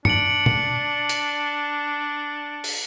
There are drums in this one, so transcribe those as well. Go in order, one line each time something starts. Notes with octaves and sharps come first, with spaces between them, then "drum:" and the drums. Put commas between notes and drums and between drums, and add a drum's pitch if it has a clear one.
D4 C#7 D7 F#7, drum: tom
drum: tom
drum: hi-hat
drum: open hi-hat